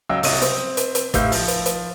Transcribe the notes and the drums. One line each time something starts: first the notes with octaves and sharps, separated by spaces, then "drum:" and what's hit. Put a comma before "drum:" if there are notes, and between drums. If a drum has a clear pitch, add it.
C#2 F#3 D#5 G5 E6
C2 C#5 D#5 D#6 D#7, drum: open hi-hat
C4, drum: hi-hat
drum: hi-hat
drum: hi-hat
A2 D#4 G4 F5 E6 G6, drum: kick, hi-hat
F3, drum: open hi-hat
drum: hi-hat
drum: hi-hat